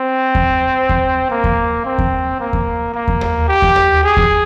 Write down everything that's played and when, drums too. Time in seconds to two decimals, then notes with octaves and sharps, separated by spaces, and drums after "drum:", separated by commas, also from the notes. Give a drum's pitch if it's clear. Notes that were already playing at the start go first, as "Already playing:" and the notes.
Already playing: C4
0.35 drum: kick E2
0.89 drum: kick E2
1.30 A#3
1.44 drum: kick E2
1.85 C4
1.98 drum: kick E2
2.40 A#3
2.53 drum: kick E2
2.94 A#3
3.08 drum: kick E2
3.21 drum: tom D#2
3.48 G4
3.62 drum: kick E2
3.76 drum: tom D#2
4.03 G#4
4.17 drum: kick E2